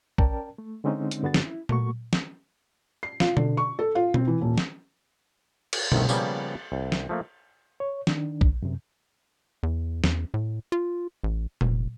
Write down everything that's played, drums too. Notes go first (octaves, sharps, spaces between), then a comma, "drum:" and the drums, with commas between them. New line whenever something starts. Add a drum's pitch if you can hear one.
C#4 A#4 D5 G5 A5, drum: kick
A3
D3 G#3 C4 C#4 D#4
drum: hi-hat
G2 D3 B3 F#4 G#4 A6
drum: snare
E4
A3 A#3 F#4 C#6, drum: tom A#2
drum: snare
C7
F4, drum: snare
D3, drum: tom B2
C#6
A4
F4
C4, drum: tom B2
E3
D#1
drum: snare
drum: cymbal
G1 C2 D#3 A3, drum: tom B2
C#3 F3 G3 A#3 B3, drum: tambourine
C2
drum: snare
F3 A3 A#3
C#5
D#3 D4, drum: snare
drum: kick
F#2 C3
E2
E2, drum: snare
A2
F4
A1
F1, drum: tom A#2